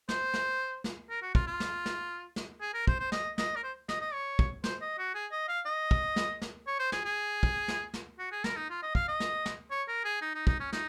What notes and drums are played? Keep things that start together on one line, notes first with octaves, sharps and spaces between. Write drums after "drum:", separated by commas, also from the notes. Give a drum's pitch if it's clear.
C5, drum: snare
drum: snare
drum: snare
A#4
F#4
F4, drum: kick
F4
drum: snare
drum: snare
drum: snare
G#4
A#4
C5, drum: kick
C5
D#5, drum: snare
D#5, drum: snare
A#4
C5
D#5, drum: snare
D#5
C#5
drum: kick
C5, drum: snare
D#5
F#4
G#4
D#5
F5
D#5
drum: kick
drum: snare
drum: snare
C#5
C5
G#4, drum: snare
G#4
drum: kick
drum: snare
drum: snare
F#4
G#4
A#4, drum: snare
D#4
F4
D#5
F5, drum: kick
D#5
drum: snare
drum: snare
C#5
A#4
G#4
D#4
D#4
D#4, drum: kick
C#4
D#4, drum: snare